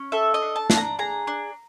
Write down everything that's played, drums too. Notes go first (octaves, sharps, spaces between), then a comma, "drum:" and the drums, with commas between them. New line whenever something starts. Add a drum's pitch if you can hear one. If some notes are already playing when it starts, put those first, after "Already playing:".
Already playing: C#4
A4 E5
D#5
D4
A5
D4, drum: snare
A#5
G#4 A#5
D4